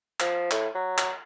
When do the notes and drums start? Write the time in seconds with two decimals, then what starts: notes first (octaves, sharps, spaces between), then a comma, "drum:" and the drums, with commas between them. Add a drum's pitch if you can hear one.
0.20 F3, drum: clap
0.51 A2, drum: clap
0.75 F#3
0.98 drum: clap